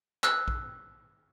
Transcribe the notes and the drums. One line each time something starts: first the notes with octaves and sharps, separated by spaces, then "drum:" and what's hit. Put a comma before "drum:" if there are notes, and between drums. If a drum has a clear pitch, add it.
E6 F#6, drum: clap
drum: kick A#1